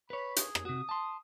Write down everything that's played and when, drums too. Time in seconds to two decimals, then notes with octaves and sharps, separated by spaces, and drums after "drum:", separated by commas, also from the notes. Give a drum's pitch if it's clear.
0.10 B4 C#5 B5
0.36 G#4, drum: hi-hat
0.55 drum: rim click
0.65 C3 F#4 D#6
0.89 A5 C6